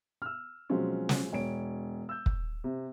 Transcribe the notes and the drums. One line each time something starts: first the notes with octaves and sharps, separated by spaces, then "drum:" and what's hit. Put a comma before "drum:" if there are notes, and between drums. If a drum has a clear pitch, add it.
E6 F6
B2 F3 F#3 G#3 C4 C#4
drum: snare
E1 C#5 D7
E6 G6
drum: kick
C3